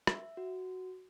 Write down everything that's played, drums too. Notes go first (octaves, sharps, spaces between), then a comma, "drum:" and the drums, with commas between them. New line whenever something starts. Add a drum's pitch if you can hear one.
E5, drum: rim click
F#4